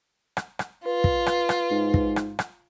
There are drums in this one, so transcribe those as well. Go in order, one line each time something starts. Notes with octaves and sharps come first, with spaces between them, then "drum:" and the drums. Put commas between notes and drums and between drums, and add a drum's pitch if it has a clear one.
drum: rim click
drum: rim click
F4 B4
drum: kick
drum: rim click
drum: rim click
G#2
drum: kick
drum: rim click
drum: rim click